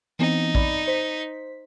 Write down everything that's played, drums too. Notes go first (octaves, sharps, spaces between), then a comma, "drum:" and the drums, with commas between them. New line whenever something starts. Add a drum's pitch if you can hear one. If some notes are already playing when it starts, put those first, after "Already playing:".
E3 B3 C4 D#4
D5 B5, drum: kick
C5 B6